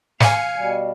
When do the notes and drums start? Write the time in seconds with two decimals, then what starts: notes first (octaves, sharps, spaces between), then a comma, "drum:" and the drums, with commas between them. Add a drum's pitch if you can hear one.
0.20 F5 G#5 C#7, drum: snare
0.56 B2 G3